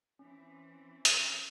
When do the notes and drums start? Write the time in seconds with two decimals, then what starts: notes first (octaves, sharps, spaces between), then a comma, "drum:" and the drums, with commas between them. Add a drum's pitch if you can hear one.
0.19 E3 C4 C#4
1.05 drum: hi-hat